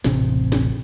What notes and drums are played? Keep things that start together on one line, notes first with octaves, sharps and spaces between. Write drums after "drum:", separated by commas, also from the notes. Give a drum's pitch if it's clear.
E1 A1 C3 C4, drum: snare
drum: snare